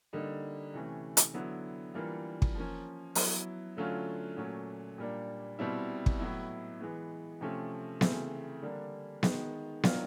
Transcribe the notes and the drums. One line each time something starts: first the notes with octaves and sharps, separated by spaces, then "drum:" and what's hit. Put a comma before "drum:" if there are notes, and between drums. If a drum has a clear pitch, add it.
D3 G3 A#3 D#4
C3 E3 A3 C#4
drum: hi-hat
D3 F#3 B3 E4
E3 G3 A#3 D4 F4
drum: kick
F3 A#3 C#4
F#3 B3 E4, drum: open hi-hat
D3 F#3 A3 C#4 F4
A#2 F#3 A3 C#4
A#2 G3 A#3 D4
B2 G3 C4 E4
drum: kick
A2 F#3 B3 E4
E3 G#3 B3
C3 F3 A3 C#4
C#3 E3 A3 C4, drum: snare B3
D3 G3 A#3 D4
D#3 G#3 B3, drum: snare B3
D#3 F#3 A#3 D4 F4, drum: snare B3